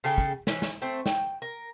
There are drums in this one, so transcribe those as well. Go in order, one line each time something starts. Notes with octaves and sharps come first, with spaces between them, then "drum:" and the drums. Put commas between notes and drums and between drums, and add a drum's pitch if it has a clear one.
C#3 G#4 A4 G5
drum: kick
E3 C#4, drum: snare
drum: snare
A3 C4
G5, drum: snare
A#4